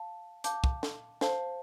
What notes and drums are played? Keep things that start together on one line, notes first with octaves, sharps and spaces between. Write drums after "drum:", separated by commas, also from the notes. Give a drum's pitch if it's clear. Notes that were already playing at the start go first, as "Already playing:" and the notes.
Already playing: F5 A5
F5 A5 D6 G6, drum: hi-hat
drum: kick
drum: snare
C5 F5 A5, drum: snare